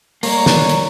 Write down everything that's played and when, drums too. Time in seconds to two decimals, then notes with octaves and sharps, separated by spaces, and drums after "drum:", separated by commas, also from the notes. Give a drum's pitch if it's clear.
0.23 G3 A#3 C#5 A#5, drum: open hi-hat
0.46 drum: snare
0.69 drum: hi-hat